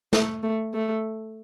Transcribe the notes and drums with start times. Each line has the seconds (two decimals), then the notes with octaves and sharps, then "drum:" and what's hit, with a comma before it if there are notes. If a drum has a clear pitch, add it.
0.13 A3, drum: snare
0.43 A3
0.73 A3